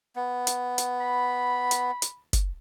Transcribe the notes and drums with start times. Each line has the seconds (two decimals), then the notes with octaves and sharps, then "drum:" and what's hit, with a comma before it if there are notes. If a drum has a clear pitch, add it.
0.16 B3
0.47 drum: hi-hat
0.78 drum: hi-hat
1.00 B5
1.71 drum: hi-hat
2.02 drum: hi-hat
2.33 drum: kick, hi-hat